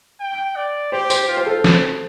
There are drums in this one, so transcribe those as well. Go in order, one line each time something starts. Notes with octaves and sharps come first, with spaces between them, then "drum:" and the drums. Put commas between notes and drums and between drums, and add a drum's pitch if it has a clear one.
G5
D5
G4 C5
C5, drum: tambourine
F4
C5
A4
drum: snare